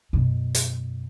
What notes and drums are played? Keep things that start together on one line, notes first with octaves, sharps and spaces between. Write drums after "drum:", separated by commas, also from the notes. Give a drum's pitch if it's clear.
F#2 B2
drum: hi-hat